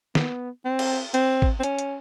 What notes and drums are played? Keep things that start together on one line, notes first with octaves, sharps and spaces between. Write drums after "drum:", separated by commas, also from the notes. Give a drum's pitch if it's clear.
B3, drum: snare
C4
drum: cymbal
C4, drum: hi-hat
drum: kick
C4
C#4, drum: hi-hat
drum: hi-hat